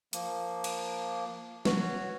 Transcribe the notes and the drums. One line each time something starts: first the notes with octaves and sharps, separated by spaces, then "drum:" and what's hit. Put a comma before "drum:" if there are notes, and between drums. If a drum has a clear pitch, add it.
F3 A#3, drum: hi-hat
drum: cymbal
F#4 B4 C#5, drum: snare